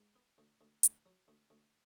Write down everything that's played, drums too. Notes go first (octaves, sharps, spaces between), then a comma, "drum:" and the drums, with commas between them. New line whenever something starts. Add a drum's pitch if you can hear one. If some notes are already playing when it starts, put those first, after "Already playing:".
Already playing: G#2
B3
D2
D2
D2, drum: hi-hat
F#3
D2
D2